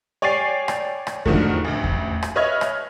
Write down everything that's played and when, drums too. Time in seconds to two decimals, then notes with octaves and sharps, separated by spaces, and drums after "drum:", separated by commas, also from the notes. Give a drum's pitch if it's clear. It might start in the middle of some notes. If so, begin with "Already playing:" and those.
0.22 C#5 D5 G5 G#5 A6 C7
0.68 drum: rim click
1.07 drum: rim click
1.26 G#2 D3 D#3 F3 F#3 A3, drum: kick E2
1.65 A1 D2
1.84 drum: kick E2
2.23 drum: rim click
2.36 B4 C#5 D#5 E5 F6 G#6
2.61 drum: rim click